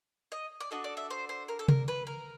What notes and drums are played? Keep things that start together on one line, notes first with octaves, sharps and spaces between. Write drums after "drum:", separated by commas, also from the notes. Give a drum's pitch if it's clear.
D#5
D5
D4 F#4 A4 D#5
D5
E5
C5
C5
A#4
A4
A#4, drum: tom C3
B4
A#4